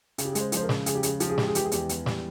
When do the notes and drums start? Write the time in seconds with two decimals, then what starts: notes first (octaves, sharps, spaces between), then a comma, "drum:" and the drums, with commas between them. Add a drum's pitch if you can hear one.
0.18 C#3 G#4, drum: hi-hat
0.25 G4
0.32 G#4
0.35 G#3, drum: hi-hat
0.41 C5
0.52 F3 C5, drum: hi-hat
0.63 A#4
0.69 C#3, drum: snare
0.86 C#3 G#4, drum: hi-hat
0.95 G4
1.03 C#3 G#4, drum: hi-hat
1.20 F3 G4, drum: hi-hat
1.29 G#4
1.38 G#3 G4, drum: snare
1.47 G#4
1.55 E3 G4, drum: hi-hat
1.65 G#4
1.72 E2 G4, drum: hi-hat
1.89 E2, drum: hi-hat
2.06 G3, drum: snare